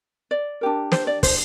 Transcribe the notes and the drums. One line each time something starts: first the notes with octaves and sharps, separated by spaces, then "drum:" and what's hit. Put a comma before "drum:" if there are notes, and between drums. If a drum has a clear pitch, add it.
D5
D4 G4 A#4
C5, drum: snare
D5
C5, drum: kick, open hi-hat